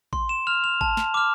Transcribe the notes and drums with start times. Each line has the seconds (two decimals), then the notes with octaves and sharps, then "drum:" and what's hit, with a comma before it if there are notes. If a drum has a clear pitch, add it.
0.13 C6, drum: kick A1
0.29 E7
0.47 F6 F7
0.64 F7
0.81 A5, drum: kick A1
0.97 drum: snare
1.14 D6 F6